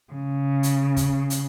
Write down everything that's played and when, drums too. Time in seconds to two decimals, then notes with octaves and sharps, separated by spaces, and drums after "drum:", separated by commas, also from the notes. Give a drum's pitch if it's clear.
0.13 C#3
0.63 drum: hi-hat
0.97 drum: kick, hi-hat
1.30 drum: hi-hat